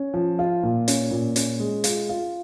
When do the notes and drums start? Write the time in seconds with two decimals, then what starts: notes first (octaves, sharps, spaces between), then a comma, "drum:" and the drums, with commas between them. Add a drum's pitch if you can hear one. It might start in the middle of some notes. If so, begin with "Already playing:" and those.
Already playing: C#4
0.14 F3
0.39 F4
0.63 A#2
0.88 C#4, drum: hi-hat
1.11 A#2
1.36 C#4, drum: hi-hat
1.60 G#3
1.84 F4, drum: hi-hat
2.09 F4